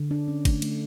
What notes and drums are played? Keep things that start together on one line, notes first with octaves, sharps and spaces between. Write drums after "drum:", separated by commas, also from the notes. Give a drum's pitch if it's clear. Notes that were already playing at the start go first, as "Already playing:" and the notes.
Already playing: D3
D4
C#4
A3, drum: kick G1, cymbal
A3, drum: cymbal